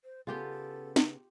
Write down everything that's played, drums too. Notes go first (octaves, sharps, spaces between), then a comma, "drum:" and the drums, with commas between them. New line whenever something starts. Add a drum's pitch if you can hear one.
C5
C#3 B3 F4 G4 A4 G5
drum: snare